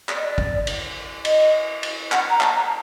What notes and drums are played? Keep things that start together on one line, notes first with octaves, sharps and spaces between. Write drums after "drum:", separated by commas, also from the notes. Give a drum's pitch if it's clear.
D5, drum: clap
D#5
D5
drum: kick
drum: cymbal
D#5, drum: cymbal
drum: cymbal
F#5, drum: clap
A#5
A5, drum: clap
A#5